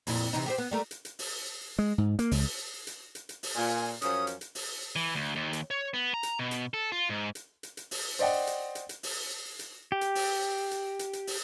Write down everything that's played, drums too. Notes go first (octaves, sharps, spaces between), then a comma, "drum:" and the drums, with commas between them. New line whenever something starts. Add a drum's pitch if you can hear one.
F2 A#2 E4, drum: open hi-hat
C3 E3 D#4
G4 G#4 C5
B3
G3 A3 A#4
drum: hi-hat
drum: hi-hat
drum: open hi-hat
G#3
G#2
A#3, drum: hi-hat
C#2, drum: open hi-hat
drum: hi-hat
drum: hi-hat
drum: hi-hat
drum: open hi-hat
A#2 G#5
F#2 F3 C#4 D#6, drum: hi-hat
drum: hi-hat
drum: hi-hat
drum: open hi-hat
E3
D2
D#2
drum: hi-hat
C#5
B3
A#5
drum: hi-hat
B2
drum: hi-hat
A4
F4
G#2
drum: hi-hat
drum: hi-hat
drum: hi-hat
drum: open hi-hat
C5 D5 D#5 F#5 G5
drum: hi-hat
drum: hi-hat
drum: hi-hat
drum: open hi-hat
drum: hi-hat
G4
drum: hi-hat
drum: open hi-hat
drum: hi-hat
drum: hi-hat
drum: hi-hat
drum: open hi-hat